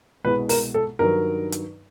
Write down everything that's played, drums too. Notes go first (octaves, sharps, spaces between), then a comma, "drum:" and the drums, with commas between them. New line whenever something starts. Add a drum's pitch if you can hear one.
C2 B2 G#3 B4
A#4, drum: open hi-hat
A4
G2 D#3 F#3 A#4
drum: hi-hat